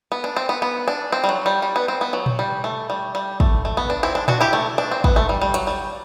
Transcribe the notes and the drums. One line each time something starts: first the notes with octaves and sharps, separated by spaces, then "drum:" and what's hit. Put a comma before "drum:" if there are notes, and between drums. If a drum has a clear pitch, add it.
B3
D4
C4
B3
B3
D4
C4
G3
F#3
G3
G3
B3
C4
B3
F#3
drum: tom A#2
G3
A3
G3
G3
A3, drum: kick
A3
B3
D4
C4 E4
D4
D4 F#4, drum: tom A#2
E4 G4
A3
D4
C4
B3, drum: kick
A3
G3
G3
F#3, drum: hi-hat
G3